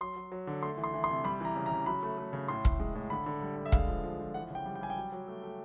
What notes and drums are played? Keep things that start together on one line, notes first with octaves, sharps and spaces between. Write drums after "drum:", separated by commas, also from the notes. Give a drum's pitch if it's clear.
F#3 C6
F#3
F#3
D3
A3 C6
E3
C6
E3
C6
C3
G3 B5
E3 A#5
C#3
A#5
C#3
F#3 B5
A3
A3
C#3
A2 C6
A2, drum: kick
G#3
A2
D3 B5
D3
G3
D3
E5
G#3 F5, drum: kick
F3
F3
F3
E3 F#5
C#3 G5
G3
G5
G3 G#5
G5
F#3
F#3
A3
A3